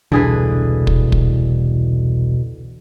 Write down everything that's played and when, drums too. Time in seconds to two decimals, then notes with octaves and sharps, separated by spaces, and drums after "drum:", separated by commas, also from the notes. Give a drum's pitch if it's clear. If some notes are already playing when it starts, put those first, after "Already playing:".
0.12 E1 C2 B2 D3 E3 G#4 B4
0.87 drum: kick
1.12 drum: kick